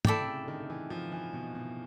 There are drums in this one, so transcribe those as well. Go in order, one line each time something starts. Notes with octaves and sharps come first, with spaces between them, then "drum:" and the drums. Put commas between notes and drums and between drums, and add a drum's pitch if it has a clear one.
A2 E4 A4 D5 G5, drum: tom
C3
C#3
D3
D#3
D#3
E3
F3
E3
B2
B2